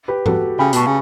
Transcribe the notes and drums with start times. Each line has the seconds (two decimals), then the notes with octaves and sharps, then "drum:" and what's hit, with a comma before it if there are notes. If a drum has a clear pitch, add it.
0.08 G4 B4
0.26 F#4 A4, drum: tom
0.59 C#3 G5 B5
0.73 B2 A5 C#6, drum: hi-hat
0.87 C#3